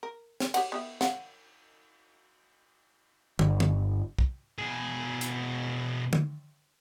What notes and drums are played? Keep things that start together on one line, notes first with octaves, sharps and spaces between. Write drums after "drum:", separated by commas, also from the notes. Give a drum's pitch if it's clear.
A#4
drum: snare
G4 C#5 F#5, drum: cymbal
B3 G4 E5
F5 F#5, drum: snare
G1, drum: tom
drum: tom
drum: kick
B2 G#4
drum: hi-hat
drum: tom